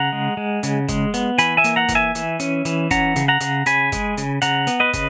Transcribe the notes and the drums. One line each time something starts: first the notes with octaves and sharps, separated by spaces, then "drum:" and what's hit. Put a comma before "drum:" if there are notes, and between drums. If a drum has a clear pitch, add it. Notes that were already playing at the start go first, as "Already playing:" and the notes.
Already playing: C#3 F#5 A#5
G#3
G#3
C#3, drum: hi-hat
G#3, drum: kick, hi-hat
B3, drum: hi-hat
E3 G#5 B5, drum: hi-hat
E5 G#5
A#3, drum: hi-hat
F#5 A#5
E3, drum: kick, hi-hat
E5 G#5
E3, drum: hi-hat
C#4, drum: hi-hat
E3, drum: hi-hat
C#4 F#5 A#5, drum: kick, hi-hat
C#3, drum: hi-hat
F#5 A#5
C#3, drum: hi-hat
C#3 G#5 B5, drum: hi-hat
G#3, drum: kick, hi-hat
C#3, drum: hi-hat
C#3 F#5 A#5, drum: hi-hat
B3, drum: hi-hat
B4 D#5
C#3, drum: kick, hi-hat